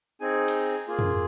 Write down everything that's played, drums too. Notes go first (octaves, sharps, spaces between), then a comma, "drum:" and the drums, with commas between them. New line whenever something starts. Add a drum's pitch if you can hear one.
C4 D#4 G#4 G#5
drum: cymbal
A#3 F4 G#4
drum: tom